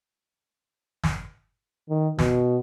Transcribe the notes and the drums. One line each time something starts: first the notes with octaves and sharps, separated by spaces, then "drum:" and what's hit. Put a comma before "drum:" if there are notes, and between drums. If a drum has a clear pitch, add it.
drum: snare
D#3
B2, drum: snare